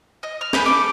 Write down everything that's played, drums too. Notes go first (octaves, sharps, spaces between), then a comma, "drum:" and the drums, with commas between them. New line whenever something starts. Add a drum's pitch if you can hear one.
D#5
F6
G#4 B4 C6 G6, drum: snare
A4 D6